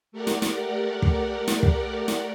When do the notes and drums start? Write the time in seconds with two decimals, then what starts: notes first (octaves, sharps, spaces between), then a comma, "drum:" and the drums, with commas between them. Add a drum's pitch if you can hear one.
0.12 A3 G4 A#4 D5 F#5
0.27 drum: snare
0.42 drum: snare
1.02 drum: kick
1.48 drum: snare
1.63 drum: kick
2.08 drum: snare